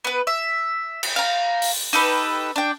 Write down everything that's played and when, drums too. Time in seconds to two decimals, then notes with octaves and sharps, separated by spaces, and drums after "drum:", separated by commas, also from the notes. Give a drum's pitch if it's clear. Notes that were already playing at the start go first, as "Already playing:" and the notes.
0.05 B3 B4
0.27 E5
1.03 drum: cymbal
1.16 F5 A#5
1.62 drum: open hi-hat
1.93 D#4 G4 A4 B4
2.56 D4 G5